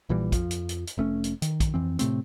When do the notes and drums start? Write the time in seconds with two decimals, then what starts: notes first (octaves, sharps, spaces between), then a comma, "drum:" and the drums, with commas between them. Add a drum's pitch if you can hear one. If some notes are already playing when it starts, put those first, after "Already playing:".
0.09 A#1 A#2 E3 G3
0.32 F2 F3, drum: kick, hi-hat
0.51 drum: hi-hat
0.69 drum: hi-hat
0.87 drum: hi-hat
0.98 F1 A3 C#4
1.24 drum: hi-hat
1.42 D#3, drum: hi-hat
1.60 drum: kick, hi-hat
1.74 F2 E3 C4
1.99 A2 C3 A3 C4, drum: hi-hat